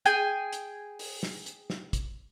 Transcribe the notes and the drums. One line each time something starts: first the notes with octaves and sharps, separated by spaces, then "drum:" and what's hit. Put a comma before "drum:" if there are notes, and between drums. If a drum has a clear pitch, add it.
G#4 G5 G#5, drum: hi-hat
drum: hi-hat
drum: open hi-hat
drum: snare
drum: hi-hat
drum: snare
drum: kick, hi-hat